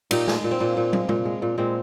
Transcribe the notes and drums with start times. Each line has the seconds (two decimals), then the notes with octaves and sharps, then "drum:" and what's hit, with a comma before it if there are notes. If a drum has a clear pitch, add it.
0.11 A#2 D#4 G4, drum: cymbal
0.28 G#3, drum: snare
0.44 A#2
0.51 C4
0.60 A#2 A#3
0.77 A#2
0.93 G#3, drum: tom
1.09 A#2, drum: tom
1.25 G#3
1.42 A#2
1.58 A#2 G#3 C4